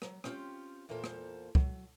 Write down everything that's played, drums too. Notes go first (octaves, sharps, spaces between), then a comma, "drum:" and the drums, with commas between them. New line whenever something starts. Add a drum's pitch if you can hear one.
F#3, drum: rim click
C4 C#4 F4 G4 G5, drum: rim click
E2 A#2 A#3 A4 C5
drum: rim click
F#3, drum: kick